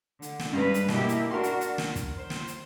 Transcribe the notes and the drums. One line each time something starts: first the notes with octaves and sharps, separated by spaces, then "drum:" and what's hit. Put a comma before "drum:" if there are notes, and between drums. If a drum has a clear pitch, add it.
D3, drum: hi-hat
drum: snare
G2 G#3 B4
drum: hi-hat
B2 A#3 E4 G4, drum: snare
drum: hi-hat
D4 F#4 A#4 C6
drum: hi-hat
drum: hi-hat
drum: snare
drum: kick, hi-hat
C5
drum: snare
drum: hi-hat